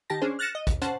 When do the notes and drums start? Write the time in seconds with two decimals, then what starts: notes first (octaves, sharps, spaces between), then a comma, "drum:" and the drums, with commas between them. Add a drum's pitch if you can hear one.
0.10 D#3 G4 A5 A#6
0.22 C#4 D4 G#4 C5
0.39 F6 F#6 A6 A#6 C#7 E7
0.55 D#5
0.67 D#2, drum: kick, hi-hat
0.82 C#4 C5 F#5 A5, drum: hi-hat